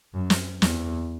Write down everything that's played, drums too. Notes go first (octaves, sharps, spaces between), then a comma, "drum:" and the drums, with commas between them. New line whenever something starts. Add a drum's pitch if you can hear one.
F#2
drum: snare
E2, drum: snare